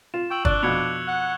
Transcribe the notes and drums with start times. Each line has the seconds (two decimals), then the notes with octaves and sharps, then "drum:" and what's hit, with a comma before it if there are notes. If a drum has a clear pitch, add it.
0.14 F4 E7
0.30 G5 C#6 E6 F#7
0.45 D4 D5 F#6 G7, drum: kick
0.63 F2 B2 G#6 C#7 F7
1.08 F#5